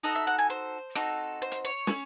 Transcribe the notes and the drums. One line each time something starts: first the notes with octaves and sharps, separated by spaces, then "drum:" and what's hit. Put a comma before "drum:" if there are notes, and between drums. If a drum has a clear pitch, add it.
D#4 F#4 A4 D#5
E5
F#5
G#5
C5
C4 D#4 F#4 A4, drum: rim click
C5
drum: hi-hat
C#5
C#4 E4, drum: snare